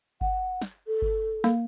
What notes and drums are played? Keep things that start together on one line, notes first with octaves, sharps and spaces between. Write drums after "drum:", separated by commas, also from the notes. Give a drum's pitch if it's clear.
F#5, drum: kick G1
drum: snare
A4
drum: kick G1
A#3, drum: snare